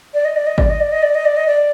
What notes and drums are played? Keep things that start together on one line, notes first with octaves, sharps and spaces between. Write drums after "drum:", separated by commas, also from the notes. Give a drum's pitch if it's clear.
D5
D#5
D5
D#5
D5, drum: kick G#1
D#5
D5
D#5
D5
D#5
D5
D#5
D5